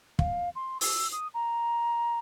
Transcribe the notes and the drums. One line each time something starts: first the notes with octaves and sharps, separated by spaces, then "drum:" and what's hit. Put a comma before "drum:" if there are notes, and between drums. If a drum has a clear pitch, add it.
F5, drum: kick
C6
E6, drum: open hi-hat
D#6
A#5